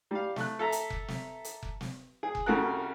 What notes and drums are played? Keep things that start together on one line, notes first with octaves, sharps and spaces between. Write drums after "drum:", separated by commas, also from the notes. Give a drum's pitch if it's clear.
G3 F5
A3 F#6, drum: snare
A4 E5 A#5
drum: hi-hat
drum: kick F1
drum: snare
drum: hi-hat
drum: kick F1
drum: snare
G#4
drum: kick F1
C2 C#3 F#4 A4 A#4 F#6